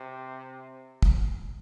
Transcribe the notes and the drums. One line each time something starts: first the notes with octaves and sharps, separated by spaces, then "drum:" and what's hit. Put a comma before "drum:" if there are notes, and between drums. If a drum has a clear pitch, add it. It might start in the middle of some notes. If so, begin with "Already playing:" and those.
Already playing: C3
drum: kick